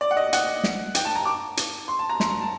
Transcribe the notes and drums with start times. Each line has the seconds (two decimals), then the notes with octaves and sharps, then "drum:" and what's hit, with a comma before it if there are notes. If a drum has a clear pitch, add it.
0.01 D5
0.11 F#5
0.17 D#5
0.33 F#5, drum: hi-hat
0.64 drum: snare
0.95 G5, drum: hi-hat
1.05 A5
1.15 A#5
1.25 D6
1.57 drum: hi-hat
1.88 C6
1.99 A5
2.10 A#5
2.20 C6, drum: snare
2.30 A#5
2.41 A5